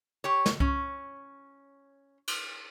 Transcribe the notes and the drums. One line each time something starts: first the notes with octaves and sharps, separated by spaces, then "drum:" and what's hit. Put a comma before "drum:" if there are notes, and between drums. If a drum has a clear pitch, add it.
G4 C#5
drum: snare
C#4, drum: kick C2
drum: cymbal